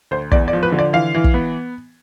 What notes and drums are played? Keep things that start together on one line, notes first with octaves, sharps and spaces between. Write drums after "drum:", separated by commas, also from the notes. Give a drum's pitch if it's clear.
D2 C5
E2 D5, drum: kick
D5
F3
B4
D3
D5
E3 F5
E3
drum: kick
B3